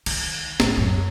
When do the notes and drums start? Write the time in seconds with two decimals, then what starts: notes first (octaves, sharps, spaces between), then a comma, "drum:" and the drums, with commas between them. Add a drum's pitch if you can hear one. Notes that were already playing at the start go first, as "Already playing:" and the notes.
0.06 D#3, drum: cymbal
0.60 A2, drum: snare
0.78 F#2